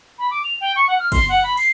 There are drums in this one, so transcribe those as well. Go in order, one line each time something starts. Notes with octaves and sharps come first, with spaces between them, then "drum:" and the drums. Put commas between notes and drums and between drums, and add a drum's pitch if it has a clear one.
B5
D6
F7
G5
C#6
F#5
F6
C6, drum: kick, cymbal
F#5
B5
C7, drum: cymbal